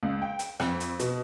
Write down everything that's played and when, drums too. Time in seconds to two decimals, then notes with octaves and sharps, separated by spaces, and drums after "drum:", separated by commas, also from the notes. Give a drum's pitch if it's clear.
0.03 C#2
0.22 G5
0.39 drum: hi-hat
0.60 F2, drum: rim click
0.80 drum: hi-hat
0.99 B2, drum: hi-hat